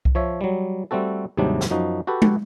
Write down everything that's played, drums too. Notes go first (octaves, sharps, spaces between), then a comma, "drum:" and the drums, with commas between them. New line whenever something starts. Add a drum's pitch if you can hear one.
drum: kick C2
F3 C#5 E5
F#3 G3
G3 A3 C4 F#4 A4
D#2 G#2 C3 F#3 G3 D4
drum: snare
F#2 F3 D#4 F#4
F#4 G4 A4 B4
drum: tom G#3